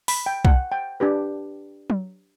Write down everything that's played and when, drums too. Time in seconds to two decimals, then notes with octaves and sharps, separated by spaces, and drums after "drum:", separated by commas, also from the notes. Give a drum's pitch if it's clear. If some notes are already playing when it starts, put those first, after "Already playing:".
0.08 B5, drum: open hi-hat
0.26 G5
0.45 F#5, drum: kick C2
0.72 G5
1.00 D4 G4 B4
1.90 drum: tom F#3